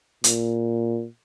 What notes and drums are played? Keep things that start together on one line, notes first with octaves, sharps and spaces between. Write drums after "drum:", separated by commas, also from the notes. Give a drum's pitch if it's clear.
A#2, drum: hi-hat